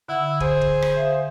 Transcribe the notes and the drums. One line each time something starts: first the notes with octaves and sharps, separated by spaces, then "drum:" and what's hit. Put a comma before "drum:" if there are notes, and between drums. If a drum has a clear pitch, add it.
D3 E4 F#5 E6
G#4 C5, drum: kick
drum: kick
drum: rim click
E5 F5